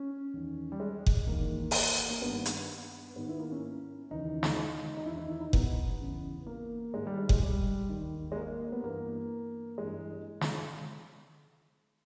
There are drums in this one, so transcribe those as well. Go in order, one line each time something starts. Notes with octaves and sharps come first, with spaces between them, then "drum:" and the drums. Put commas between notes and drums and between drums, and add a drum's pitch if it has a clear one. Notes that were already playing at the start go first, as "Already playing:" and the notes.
Already playing: C#4
E2 D#3
G3
G#3
drum: kick F#1
E2 D#3 A#3
drum: open hi-hat
A#3
G2 D#3 B3
drum: hi-hat
G#2 D#3 B3
E4
A#3
C#4
D#2 C#3 E3 D#4
drum: snare
D#4
E2 D#3 E4
E4
E4
D#4
B3, drum: kick F#1
E2 C#3 E3
A#3
G#2 D#3 G#3
G3
G#3
G#3, drum: kick F#1
G3
D#2 D#3
G#3
A#3
B3
G2 E3 A#3
G2 E3 G#3
drum: snare